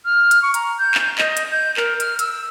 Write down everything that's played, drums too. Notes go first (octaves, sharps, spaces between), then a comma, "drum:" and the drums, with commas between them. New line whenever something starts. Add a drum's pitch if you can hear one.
F6
drum: hi-hat
C#6
A#5, drum: hi-hat
G6
drum: clap
D#5, drum: clap
drum: hi-hat
G6
A#4, drum: clap
F6, drum: hi-hat
E6, drum: hi-hat